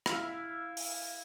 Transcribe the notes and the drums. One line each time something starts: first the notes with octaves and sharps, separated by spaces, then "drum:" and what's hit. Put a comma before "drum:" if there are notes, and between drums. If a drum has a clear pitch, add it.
E4 E5 F5, drum: rim click
drum: open hi-hat